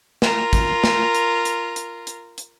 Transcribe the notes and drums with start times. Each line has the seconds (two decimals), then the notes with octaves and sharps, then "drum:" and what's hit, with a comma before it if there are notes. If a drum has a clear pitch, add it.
0.22 F4 A#4, drum: snare
0.53 drum: kick, hi-hat
0.84 drum: snare
1.14 drum: hi-hat
1.45 drum: hi-hat
1.76 drum: hi-hat
2.07 drum: hi-hat
2.38 drum: hi-hat